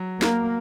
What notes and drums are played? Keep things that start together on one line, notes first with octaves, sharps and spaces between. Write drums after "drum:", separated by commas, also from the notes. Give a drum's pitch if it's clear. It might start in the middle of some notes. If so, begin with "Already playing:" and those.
Already playing: F#3
A#3 A#4, drum: snare